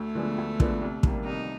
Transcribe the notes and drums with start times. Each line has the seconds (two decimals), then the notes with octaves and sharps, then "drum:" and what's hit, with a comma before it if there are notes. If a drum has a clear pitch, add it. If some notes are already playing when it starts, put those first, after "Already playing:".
Already playing: D2 A3
0.15 D3 F3 G#3 B3
0.38 D2
0.60 D3 F3 G#3 B3, drum: kick
0.81 C2
1.03 C3 D#3 G3 A#3, drum: kick
1.25 C2 D#4